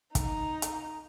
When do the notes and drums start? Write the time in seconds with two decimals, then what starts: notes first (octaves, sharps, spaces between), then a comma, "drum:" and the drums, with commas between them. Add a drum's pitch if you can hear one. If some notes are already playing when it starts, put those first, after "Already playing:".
0.15 D#4, drum: kick, hi-hat
0.62 drum: hi-hat